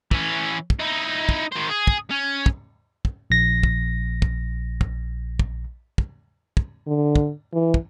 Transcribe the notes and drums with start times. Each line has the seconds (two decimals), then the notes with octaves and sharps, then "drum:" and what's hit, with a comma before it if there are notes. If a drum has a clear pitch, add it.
0.11 E3 C#4, drum: kick
0.70 drum: kick
0.79 D#4 E4
1.29 drum: kick
1.52 D#3 C5
1.69 G#4
1.87 drum: kick
2.10 C#4
2.46 drum: kick
3.05 drum: kick
3.30 A#1 A#6
3.63 drum: kick
4.22 drum: kick
4.81 drum: kick
5.39 drum: kick
5.98 drum: kick
6.57 drum: kick
6.88 D3
7.16 drum: kick
7.54 E3
7.74 drum: kick